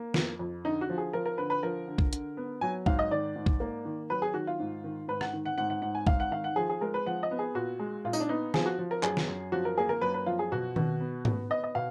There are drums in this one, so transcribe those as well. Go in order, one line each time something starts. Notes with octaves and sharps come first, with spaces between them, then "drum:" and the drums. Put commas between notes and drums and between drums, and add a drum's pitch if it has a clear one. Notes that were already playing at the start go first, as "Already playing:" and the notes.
Already playing: A#3
F2, drum: snare
F2
D3 D#4
F#4
F3
G#4
F3 A#4
A#4
D3 B4
B4
F3 A#4
D3
drum: kick
D3, drum: hi-hat
B3
F#3 G#5
G#2 F5, drum: kick
D#5
D#3 D5
G#2
drum: kick
A#3
D#3
F#3 B4
G#4
D#3 F#4
F4
G#2
D#3
G#2 B4
F#5, drum: rim click
D#3
F#5
G#2 F#5
F#5
G#2 F#5
G#5
G#2 F5, drum: kick
F#5
D#3 F5
F#5
F3 G#4
G#4
G#3 A#4
B4
F3 F#5
D#5
B3
G#4
A#2 F#4
G#3
A#2 F4
D#4, drum: tambourine
D4
B3 D#4
F3 G#4, drum: snare
F#4
F3
A#4
F#2 G#4, drum: clap
drum: snare
F#2
F3 F#4
A#4
A#3 G#4
A#4
F#2 B4
B4
F3 F4
G#4
B2 F#4
B2, drum: tom D#3
B3
B3, drum: tom G#2
B3 D#5
D#5
B2 F5